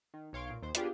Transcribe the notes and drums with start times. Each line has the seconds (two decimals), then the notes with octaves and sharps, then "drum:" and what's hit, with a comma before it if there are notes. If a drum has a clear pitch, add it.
0.14 D#3
0.33 B1 C#5 F5 C6 D7
0.50 A#2
0.62 D#2 C5
0.75 B3 D4 F4 G4 G#4, drum: hi-hat